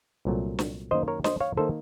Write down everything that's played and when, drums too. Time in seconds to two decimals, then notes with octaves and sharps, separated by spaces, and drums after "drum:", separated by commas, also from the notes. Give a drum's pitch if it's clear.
0.25 C2 A#2 F#3 A3
0.59 drum: snare
0.91 F#2 D#3 A#3 C5 D#5
1.08 A#4 C#5
1.24 C5 D#5, drum: snare
1.40 C#5 F5
1.57 D#3 A#3 A4 C5